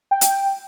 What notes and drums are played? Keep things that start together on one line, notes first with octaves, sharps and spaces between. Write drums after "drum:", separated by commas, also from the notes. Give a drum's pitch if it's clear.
G5
drum: hi-hat